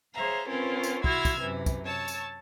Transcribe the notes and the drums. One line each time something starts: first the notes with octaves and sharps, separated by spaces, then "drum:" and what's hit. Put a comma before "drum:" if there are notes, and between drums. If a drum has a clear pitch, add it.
G#4 C5 C#5 E5 F5 A#5
C4 C#4 F4 A#4 B4 C#5
drum: tambourine
E4 F#4 C6 E6 F6 G#6, drum: kick
drum: kick, tambourine
F#2 C3 E3
drum: kick, tambourine
C#5 A5 C#6 E6
drum: tambourine